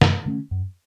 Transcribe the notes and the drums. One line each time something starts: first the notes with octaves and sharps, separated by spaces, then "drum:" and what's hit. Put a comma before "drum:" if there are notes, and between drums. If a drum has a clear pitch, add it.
F#2, drum: snare
D3 A3 C#4
F#2